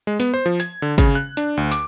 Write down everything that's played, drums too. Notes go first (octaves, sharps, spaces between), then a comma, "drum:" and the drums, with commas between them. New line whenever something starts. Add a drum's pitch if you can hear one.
G#3
B3, drum: hi-hat
C5
F3
G#6, drum: hi-hat
D3
C#3, drum: kick, hi-hat
F#6
D4, drum: hi-hat
D2
D6, drum: hi-hat